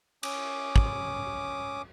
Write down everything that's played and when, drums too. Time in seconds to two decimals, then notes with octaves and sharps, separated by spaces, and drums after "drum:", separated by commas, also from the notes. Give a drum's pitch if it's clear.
0.23 C#4 D6 D#6, drum: cymbal
0.76 drum: kick